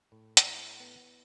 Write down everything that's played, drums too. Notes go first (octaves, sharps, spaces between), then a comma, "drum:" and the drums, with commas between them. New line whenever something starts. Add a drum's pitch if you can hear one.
A2
drum: hi-hat
E4
B3